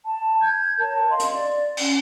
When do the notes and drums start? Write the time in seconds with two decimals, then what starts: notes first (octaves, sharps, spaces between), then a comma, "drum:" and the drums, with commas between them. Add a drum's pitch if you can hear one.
0.06 A5
0.40 G6 G#6
0.80 A#4 C#5 A5
1.10 D#5 F5 C6
1.19 drum: hi-hat
1.33 D5
1.77 C#4, drum: cymbal